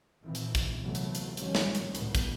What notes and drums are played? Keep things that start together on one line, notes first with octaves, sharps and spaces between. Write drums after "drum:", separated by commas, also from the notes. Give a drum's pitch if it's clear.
A#2 D#3 E3 C4
drum: hi-hat
drum: kick, hi-hat
D2 C3 E3 F#3 A3 B3
drum: hi-hat
drum: hi-hat
A1 D#3 F3 G3 C#4, drum: hi-hat
drum: snare
drum: hi-hat
C#2 A2 D#3 B3, drum: hi-hat
drum: kick, hi-hat